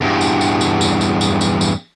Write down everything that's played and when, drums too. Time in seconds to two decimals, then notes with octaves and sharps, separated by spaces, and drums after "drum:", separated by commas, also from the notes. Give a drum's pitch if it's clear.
0.01 E2 G2
0.21 drum: tambourine
0.41 drum: tambourine
0.61 drum: tambourine
0.81 drum: tambourine
1.01 drum: tambourine
1.21 drum: tambourine
1.41 drum: tambourine
1.61 drum: tambourine